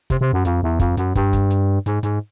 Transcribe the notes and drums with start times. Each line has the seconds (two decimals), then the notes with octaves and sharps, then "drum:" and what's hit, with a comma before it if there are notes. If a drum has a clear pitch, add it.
0.10 C3, drum: kick, hi-hat
0.21 C3
0.33 F#2
0.45 F2, drum: hi-hat
0.63 E2
0.80 F2, drum: kick, hi-hat
0.97 F#2, drum: hi-hat
1.15 G2, drum: kick, hi-hat
1.33 drum: kick, hi-hat
1.51 drum: hi-hat
1.86 G#2, drum: hi-hat
2.03 G#2, drum: hi-hat